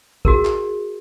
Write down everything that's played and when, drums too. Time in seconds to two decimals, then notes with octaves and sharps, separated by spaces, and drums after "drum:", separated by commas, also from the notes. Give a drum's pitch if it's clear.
0.25 F#4 G#4 A#4, drum: kick
0.45 drum: clap